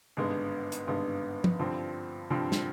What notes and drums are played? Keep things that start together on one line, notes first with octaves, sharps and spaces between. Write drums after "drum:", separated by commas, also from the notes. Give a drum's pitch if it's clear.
G#1 G2 D3 G#3 B3
drum: hi-hat
G#1 G2 D3 G#3 B3
drum: tom
G2 D3 F3 C4
G2 D3 F3 C4
drum: snare